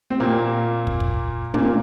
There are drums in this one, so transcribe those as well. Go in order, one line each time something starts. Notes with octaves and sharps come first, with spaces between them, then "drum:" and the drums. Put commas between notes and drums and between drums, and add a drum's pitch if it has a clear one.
C4
A#2 A#3
drum: kick
drum: kick
A#2 A#3, drum: tom